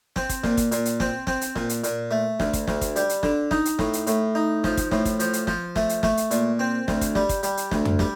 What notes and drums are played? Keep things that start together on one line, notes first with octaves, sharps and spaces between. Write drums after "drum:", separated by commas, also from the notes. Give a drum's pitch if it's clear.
C4, drum: snare
drum: kick, hi-hat
A#2, drum: snare
drum: kick, hi-hat
A#2, drum: hi-hat
drum: hi-hat
C4, drum: snare
C4, drum: snare
drum: hi-hat
A#2, drum: snare
drum: hi-hat
A#2, drum: hi-hat
A3
D2, drum: snare
drum: kick, hi-hat
D2, drum: snare
drum: kick, hi-hat
G3, drum: hi-hat
drum: hi-hat
D3, drum: snare
D#4, drum: snare
drum: hi-hat
A2, drum: snare
drum: hi-hat
A2, drum: hi-hat
D#4
F3, drum: snare
drum: kick, hi-hat
A2, drum: snare
drum: kick, hi-hat
F3, drum: hi-hat
drum: hi-hat
F3, drum: snare
A3, drum: snare
drum: hi-hat
A3, drum: snare
drum: hi-hat
A#2, drum: hi-hat
C4
D2, drum: snare
drum: kick, hi-hat
G3, drum: snare
drum: kick, hi-hat
G3, drum: hi-hat
drum: hi-hat
D2, drum: snare
drum: tom F2
G3, drum: snare